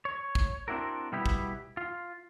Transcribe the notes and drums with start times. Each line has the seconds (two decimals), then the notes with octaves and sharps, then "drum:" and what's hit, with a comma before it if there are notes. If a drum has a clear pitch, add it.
0.05 C#5
0.35 drum: kick
0.68 C4 D4 E4 F#4 A#4
1.12 B2 G3 B3 E4 G4
1.26 drum: kick
1.77 F4